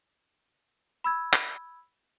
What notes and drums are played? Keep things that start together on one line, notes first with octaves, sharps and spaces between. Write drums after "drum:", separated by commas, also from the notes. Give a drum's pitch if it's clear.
B5 E6 G#6
drum: clap